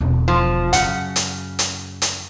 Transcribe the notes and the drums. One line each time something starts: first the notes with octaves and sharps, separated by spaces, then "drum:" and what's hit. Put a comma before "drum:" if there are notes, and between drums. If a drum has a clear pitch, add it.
E1 D3
F3
F#2 C#3 F#5, drum: hi-hat
drum: hi-hat
drum: hi-hat
drum: hi-hat